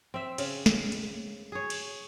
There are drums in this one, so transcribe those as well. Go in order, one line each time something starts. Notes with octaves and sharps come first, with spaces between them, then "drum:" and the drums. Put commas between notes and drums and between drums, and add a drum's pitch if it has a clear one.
C4 E5
C#3, drum: cymbal
drum: snare
drum: cymbal
G#4 C#5
drum: cymbal